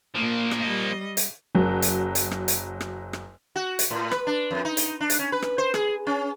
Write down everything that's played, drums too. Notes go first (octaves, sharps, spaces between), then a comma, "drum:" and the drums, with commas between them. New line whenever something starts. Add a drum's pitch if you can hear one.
A#2 F3 A#3
drum: rim click
G3 D#5
drum: hi-hat
F#1 F#3
drum: hi-hat
drum: hi-hat
drum: rim click
drum: hi-hat
drum: rim click
drum: rim click
F#4
drum: hi-hat
A2
B4, drum: rim click
D4
F2
D#4
drum: hi-hat
D4
drum: hi-hat
C#4
B4
drum: rim click
C5
G#4, drum: rim click
C#4